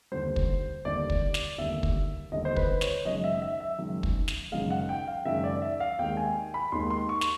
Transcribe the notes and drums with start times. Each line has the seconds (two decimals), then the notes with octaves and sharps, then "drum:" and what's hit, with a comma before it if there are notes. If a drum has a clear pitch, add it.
0.12 D#2 D3 G3 C5
0.36 drum: kick
0.85 D#2 D3 G3 D5
1.10 drum: kick
1.34 drum: snare
1.58 D#2 D3 G3 E5
1.83 drum: kick
2.32 D#2 D3 G3 D#5
2.45 C5
2.56 B4, drum: kick
2.81 C#5, drum: snare
3.05 F#1 F#2 D#3 G#3 D#5
3.24 E5
3.42 E5
3.60 E5
3.79 F#1 F#2 D#3 G#3
4.03 drum: kick
4.28 drum: snare
4.52 F#1 F#2 D#3 G#3 F5
4.70 F#5
4.89 G5
5.08 F5
5.25 F#1 F#2 D#3 G#3 E5
5.44 D5
5.62 E5
5.80 F5
5.99 D#2 D#3 G#3 G5
6.17 G#5
6.54 B5
6.72 D#2 D#3 G#3 C6
6.90 C6
7.09 C#6
7.21 drum: snare